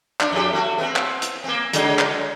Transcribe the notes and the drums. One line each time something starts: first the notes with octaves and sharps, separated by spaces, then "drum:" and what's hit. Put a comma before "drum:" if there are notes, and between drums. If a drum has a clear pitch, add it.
D4, drum: clap
F2 G4
A3 F#4
B3 C4
drum: clap
drum: hi-hat
A#3 C4
C#3 F#3 G#3, drum: hi-hat
drum: clap